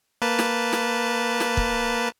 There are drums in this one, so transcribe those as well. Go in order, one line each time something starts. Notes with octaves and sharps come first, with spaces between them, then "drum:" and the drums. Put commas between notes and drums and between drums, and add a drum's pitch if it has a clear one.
A#3 B4 A5
drum: snare
drum: snare
drum: snare
drum: kick